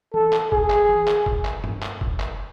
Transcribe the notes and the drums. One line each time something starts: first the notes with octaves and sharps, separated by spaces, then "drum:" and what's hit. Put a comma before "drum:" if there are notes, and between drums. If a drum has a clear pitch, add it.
A4, drum: tom E3
drum: clap
G#4, drum: kick
drum: clap
drum: tom E3
drum: clap
drum: kick
drum: clap
drum: tom
drum: clap
drum: kick
drum: clap